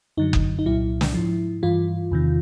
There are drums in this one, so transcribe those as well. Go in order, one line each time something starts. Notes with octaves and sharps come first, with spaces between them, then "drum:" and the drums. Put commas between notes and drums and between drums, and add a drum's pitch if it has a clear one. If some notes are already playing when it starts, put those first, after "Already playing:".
F#2 D3 F#3 D#4
drum: kick F#1
D#4
C2 A#2 F#3 E4
drum: snare
G#2 F3
G2 E3 F4
E2 C3 D#3